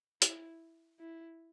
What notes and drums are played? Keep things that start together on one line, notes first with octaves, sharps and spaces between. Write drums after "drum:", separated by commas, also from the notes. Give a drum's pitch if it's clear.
E4, drum: hi-hat
E4